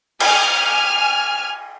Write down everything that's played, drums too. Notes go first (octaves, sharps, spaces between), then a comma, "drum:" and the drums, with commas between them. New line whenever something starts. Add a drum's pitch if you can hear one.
G#5 F6, drum: cymbal